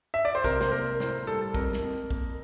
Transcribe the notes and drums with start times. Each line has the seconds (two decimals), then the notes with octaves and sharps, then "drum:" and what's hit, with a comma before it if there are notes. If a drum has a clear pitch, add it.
0.14 E5
0.25 D5
0.35 C5
0.44 C3 A#4, drum: kick
0.61 C5, drum: snare
0.72 A#3 A#4
1.00 A2 C5, drum: snare
1.27 G3 A4
1.41 A4
1.54 F2 A#4, drum: kick
1.73 drum: snare
1.83 F2
2.11 A#3, drum: kick